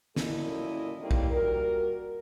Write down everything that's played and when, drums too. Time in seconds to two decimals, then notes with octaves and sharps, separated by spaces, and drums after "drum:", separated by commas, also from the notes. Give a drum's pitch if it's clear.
0.16 F#2 A#2 A#3 E4 A4 D#5, drum: snare
1.00 A2 D#3 G3 A#3 C4 E4
1.11 drum: kick
1.30 A#2 G3 F#4 A#4